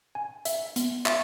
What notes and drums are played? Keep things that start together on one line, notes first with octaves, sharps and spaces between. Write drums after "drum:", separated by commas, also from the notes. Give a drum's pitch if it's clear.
G#5
E5, drum: hi-hat
B3, drum: hi-hat
E5, drum: clap